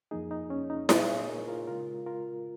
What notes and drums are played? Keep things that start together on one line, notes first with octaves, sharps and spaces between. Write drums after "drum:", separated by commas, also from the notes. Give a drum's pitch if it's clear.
F2 F3 A#3 D#4 G#4
D#4
C#4
D#4
A#2 A#3 D#4 G#4, drum: snare E4
G#4 C#5
F4 A#4
F4 A#4
C#3 G#3 F4 A#4
F4 A#4